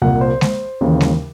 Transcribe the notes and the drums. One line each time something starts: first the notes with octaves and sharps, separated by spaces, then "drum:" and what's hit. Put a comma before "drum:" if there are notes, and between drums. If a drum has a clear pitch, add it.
C2 A#2 F#5
C5
C5, drum: snare G#3
D#2 C#3 E3
drum: snare G#3